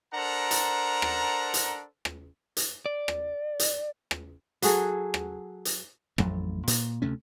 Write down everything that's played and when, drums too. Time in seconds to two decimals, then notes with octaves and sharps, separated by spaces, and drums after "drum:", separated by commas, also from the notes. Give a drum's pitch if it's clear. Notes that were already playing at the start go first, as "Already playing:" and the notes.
0.14 D4 A4 A#4 C5 F#5 A#5
0.51 drum: hi-hat
1.02 drum: rim click
1.54 drum: hi-hat
2.05 drum: rim click
2.57 drum: hi-hat
2.86 D5
3.08 drum: rim click
3.59 drum: hi-hat
4.11 drum: rim click
4.62 F#3 F#4 G#4 A4, drum: hi-hat
5.14 drum: rim click
5.65 drum: hi-hat
6.18 A1 F2 F#3 A3, drum: rim click
6.68 A#2, drum: hi-hat
7.02 D2 C3 A3 C#4